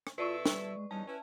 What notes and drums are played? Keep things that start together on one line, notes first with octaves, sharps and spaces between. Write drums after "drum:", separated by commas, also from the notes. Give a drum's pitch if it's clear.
drum: rim click
B2 E4 F4 A4 B4 D5 C#6
G3, drum: snare
G#3
E2 G3 C#4 D#4 A5
C#4 E4 B4